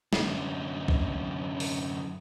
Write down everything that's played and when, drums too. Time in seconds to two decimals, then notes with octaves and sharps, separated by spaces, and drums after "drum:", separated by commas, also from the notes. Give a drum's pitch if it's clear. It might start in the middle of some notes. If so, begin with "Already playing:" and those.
0.13 F#2 D3, drum: snare
0.88 drum: kick B1
1.60 drum: open hi-hat